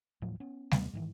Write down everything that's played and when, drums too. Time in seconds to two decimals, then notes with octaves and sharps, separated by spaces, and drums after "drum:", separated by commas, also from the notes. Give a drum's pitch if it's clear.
0.22 D#1 A2 F3 F#3
0.40 B3 C#4
0.71 D#2 C3 B3, drum: snare G3
0.93 G#2 D#3 E3